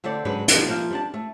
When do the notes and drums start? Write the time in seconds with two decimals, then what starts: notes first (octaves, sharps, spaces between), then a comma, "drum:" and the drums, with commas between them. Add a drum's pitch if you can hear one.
0.04 D3 A3 C4 A4 D5
0.25 G#2 C#3 F#3 D4 G#4 B4
0.48 B2 F3 A#3 D4 D#4 G4, drum: hi-hat
0.69 F3 A#3 E5 F5
0.91 G3 D4 A5
1.14 A3